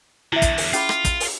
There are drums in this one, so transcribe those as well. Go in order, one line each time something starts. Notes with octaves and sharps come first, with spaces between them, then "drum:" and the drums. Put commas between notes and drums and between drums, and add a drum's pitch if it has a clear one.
E2 D3 E4 E5
drum: kick, hi-hat
drum: open hi-hat
C#4 F4 G#4 B5, drum: hi-hat
drum: rim click
drum: kick, hi-hat
drum: open hi-hat